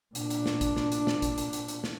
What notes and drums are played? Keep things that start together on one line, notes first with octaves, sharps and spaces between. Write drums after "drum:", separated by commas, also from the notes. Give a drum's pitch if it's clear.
A#2 D4, drum: hi-hat
drum: hi-hat
drum: snare
drum: kick A1, hi-hat
drum: snare
drum: hi-hat
drum: snare
drum: kick A1, hi-hat
drum: hi-hat
drum: hi-hat
drum: hi-hat
drum: snare